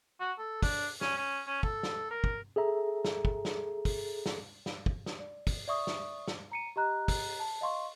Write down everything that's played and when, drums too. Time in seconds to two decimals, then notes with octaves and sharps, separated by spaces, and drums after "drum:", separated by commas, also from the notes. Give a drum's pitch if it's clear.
0.21 F#4
0.38 A4
0.63 D4, drum: kick, open hi-hat
1.01 C#4, drum: snare
1.17 C#4
1.47 C#4
1.63 A4, drum: kick
1.83 drum: snare
2.11 A#4
2.24 drum: kick
2.56 G#4 A4 E5 A#5
3.05 drum: snare
3.25 drum: kick
3.45 drum: snare
3.85 drum: kick, open hi-hat
4.26 drum: snare
4.66 drum: snare
4.86 drum: kick
5.06 drum: snare
5.20 D5
5.47 drum: kick, open hi-hat
5.68 D5 E5 C#6 D#6
5.87 drum: snare
6.28 drum: snare
6.52 A#5 C#7 D#7
6.76 G4 D#5 A#5 F#6
7.08 drum: kick, open hi-hat
7.40 A5
7.61 D#5 F5 C6 C#6